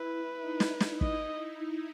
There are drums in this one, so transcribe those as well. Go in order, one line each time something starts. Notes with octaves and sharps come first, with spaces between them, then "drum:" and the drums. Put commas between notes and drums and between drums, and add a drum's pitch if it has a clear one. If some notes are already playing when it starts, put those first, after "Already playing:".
Already playing: E4 B4
D#4
drum: snare
D#4
drum: snare
D#5, drum: kick